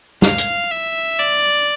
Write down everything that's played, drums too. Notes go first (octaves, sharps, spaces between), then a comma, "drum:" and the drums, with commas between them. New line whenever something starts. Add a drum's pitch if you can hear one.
F5, drum: snare
drum: hi-hat
E5
D5